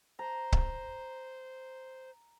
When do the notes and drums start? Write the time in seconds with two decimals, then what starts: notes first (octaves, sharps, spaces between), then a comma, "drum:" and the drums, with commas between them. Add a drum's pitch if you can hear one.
0.19 C5 A#5
0.52 drum: kick C#1